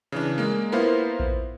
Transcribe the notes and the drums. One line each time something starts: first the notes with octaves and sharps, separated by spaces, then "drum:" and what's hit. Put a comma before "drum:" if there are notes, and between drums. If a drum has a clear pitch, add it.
C#3 E3 D4
G#3 A#3
A#3 B3 E4 F4 A#4 C5
drum: kick A#1